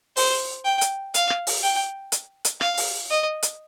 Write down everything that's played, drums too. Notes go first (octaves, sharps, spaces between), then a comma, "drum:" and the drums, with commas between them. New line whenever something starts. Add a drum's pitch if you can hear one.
C5, drum: open hi-hat
G5
drum: hi-hat
F5, drum: hi-hat
drum: rim click
drum: open hi-hat
G5
drum: hi-hat
drum: hi-hat
F5, drum: rim click
drum: open hi-hat
D#5
drum: hi-hat